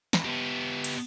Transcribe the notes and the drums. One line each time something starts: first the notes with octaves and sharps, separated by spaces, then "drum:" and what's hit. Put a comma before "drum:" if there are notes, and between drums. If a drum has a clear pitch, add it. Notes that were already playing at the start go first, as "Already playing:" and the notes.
drum: snare
B3 G4
drum: cymbal